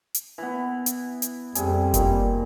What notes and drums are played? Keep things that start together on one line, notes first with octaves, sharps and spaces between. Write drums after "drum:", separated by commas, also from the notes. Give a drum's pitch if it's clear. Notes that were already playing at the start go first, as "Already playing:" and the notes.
drum: hi-hat
E3 B3
drum: hi-hat
drum: hi-hat
F2 C3 G3 G#4, drum: hi-hat
A#2 D#3, drum: kick F#1, hi-hat